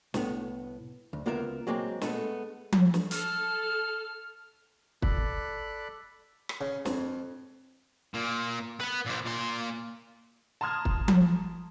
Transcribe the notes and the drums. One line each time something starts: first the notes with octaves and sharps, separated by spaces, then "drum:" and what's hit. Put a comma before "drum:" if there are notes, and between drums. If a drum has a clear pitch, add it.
C2 A2 B3, drum: snare
D2
C#2 A#3 B3 F4 A#4 E5
F#3 G#3 A#3 C4
G#3 A3 B3 G#4 A4, drum: snare
drum: tom F3
drum: snare
A4 F6, drum: hi-hat
A4 D5 B5 F#6, drum: kick
drum: rim click
C#3
F2, drum: snare
A#2
B4 F#5
A#2 C5
A#2 C6
A5 A#5 C6 D#6 F6 G#6
drum: kick
drum: tom F3